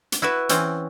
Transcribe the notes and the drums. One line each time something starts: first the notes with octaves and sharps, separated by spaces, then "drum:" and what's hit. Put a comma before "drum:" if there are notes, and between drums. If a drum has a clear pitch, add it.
drum: hi-hat
E4 F#4 B4 E5
E3 C4 C#4, drum: hi-hat